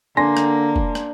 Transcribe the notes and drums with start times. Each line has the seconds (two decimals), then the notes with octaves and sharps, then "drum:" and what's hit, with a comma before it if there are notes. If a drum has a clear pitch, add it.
0.17 D3 A#3 D4 G#5 C6 A#6
0.37 drum: rim click
0.76 drum: kick
0.95 drum: rim click